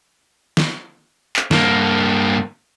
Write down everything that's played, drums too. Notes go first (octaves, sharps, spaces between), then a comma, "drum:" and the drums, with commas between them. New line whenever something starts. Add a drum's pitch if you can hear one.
drum: snare
drum: clap
G2 A#3, drum: snare